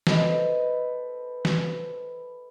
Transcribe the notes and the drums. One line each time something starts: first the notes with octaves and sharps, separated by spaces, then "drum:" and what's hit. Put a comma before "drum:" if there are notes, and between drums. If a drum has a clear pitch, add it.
A4 B4 C5 D#5, drum: snare
drum: snare